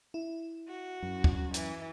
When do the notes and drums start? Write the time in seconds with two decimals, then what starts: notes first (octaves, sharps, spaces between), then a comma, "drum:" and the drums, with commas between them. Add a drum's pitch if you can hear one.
0.14 E4
0.68 F#4
1.03 F#2
1.24 drum: kick
1.54 E3, drum: hi-hat